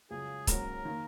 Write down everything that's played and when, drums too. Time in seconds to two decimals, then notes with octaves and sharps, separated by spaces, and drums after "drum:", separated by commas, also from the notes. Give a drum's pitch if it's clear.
0.10 C#2 C#3 F#3 G#4
0.47 G#2 F#3 A#3 C#4 F#4 A#4, drum: kick C#1, hi-hat
0.85 D#3 A#3